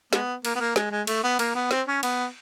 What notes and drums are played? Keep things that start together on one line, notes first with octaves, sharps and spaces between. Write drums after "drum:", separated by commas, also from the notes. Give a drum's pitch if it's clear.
G#3 B3, drum: snare
A#3, drum: cymbal
B3
A#3
G#3, drum: snare
G#3
A3, drum: cymbal
B3
A#3, drum: cymbal
B3
C4, drum: snare
C#4
B3, drum: cymbal